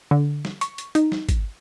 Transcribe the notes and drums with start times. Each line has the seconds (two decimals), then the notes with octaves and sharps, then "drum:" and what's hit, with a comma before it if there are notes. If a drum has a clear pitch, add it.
0.11 D3
0.45 drum: snare
0.61 C#6, drum: hi-hat
0.78 drum: hi-hat
0.95 D#4, drum: hi-hat
1.12 drum: snare
1.29 drum: kick G#1, hi-hat